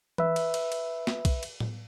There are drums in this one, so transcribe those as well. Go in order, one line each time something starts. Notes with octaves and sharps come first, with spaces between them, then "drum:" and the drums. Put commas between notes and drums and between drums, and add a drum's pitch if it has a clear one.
B4 E5, drum: tom E3
drum: cymbal
drum: cymbal
drum: cymbal
drum: snare
drum: kick B1, cymbal
drum: cymbal
drum: tom A2